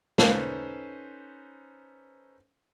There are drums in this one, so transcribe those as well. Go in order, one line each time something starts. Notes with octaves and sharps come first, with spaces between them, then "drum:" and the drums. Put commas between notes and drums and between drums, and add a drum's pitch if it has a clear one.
C#4 D#4 A4 B4 C5, drum: snare